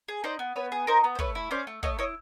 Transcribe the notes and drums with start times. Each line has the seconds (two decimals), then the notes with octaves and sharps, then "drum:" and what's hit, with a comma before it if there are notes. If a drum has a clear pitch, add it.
0.08 G#4
0.24 D#4 C5 D5
0.39 B3
0.56 B3 B4 C#5
0.72 G#4
0.87 D#4 A#4 C5
1.04 B3
1.15 C5
1.19 A3 B4 C#5, drum: kick
1.35 E4
1.51 C#4 C5 D5
1.67 A3
1.83 A3 C#5 D#5, drum: kick
1.99 E4 C#5 D#5